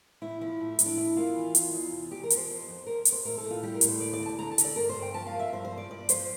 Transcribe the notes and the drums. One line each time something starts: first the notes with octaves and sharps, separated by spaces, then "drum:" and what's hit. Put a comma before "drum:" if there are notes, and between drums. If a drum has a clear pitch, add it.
A2 E4
F3 E4
A2
A2, drum: hi-hat
D4
F2 E4
A#3 F4
E3
F2, drum: hi-hat
E2
C3
E2 G4
A#4
F3, drum: hi-hat
C5
F2
F2
F2 A#4
F2, drum: hi-hat
C5
A2 A#4
A4
A2
F4
G3 G4
A#4
A2, drum: hi-hat
C5
D2 D5
D5
D2
A5
D3 A#5
A5
D3, drum: hi-hat
D5
G2 A#4
C5
G2
G5
F3 A5
F5
A#3
E5
G2 C5
C5
F3
D5
G2 D5
F3 C5, drum: hi-hat